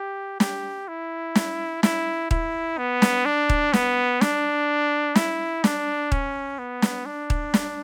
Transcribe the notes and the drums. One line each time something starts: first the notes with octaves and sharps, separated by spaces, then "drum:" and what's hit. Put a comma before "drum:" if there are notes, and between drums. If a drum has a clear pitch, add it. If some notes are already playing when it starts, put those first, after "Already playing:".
Already playing: G4
G4, drum: snare
E4
drum: snare
E4, drum: snare
E4, drum: kick D#1
B3
drum: snare
D4
drum: kick D#1
B3, drum: snare
D4, drum: snare
E4, drum: snare
D4, drum: snare
C#4, drum: kick D#1
B3
drum: snare
D4
drum: kick D#1
drum: snare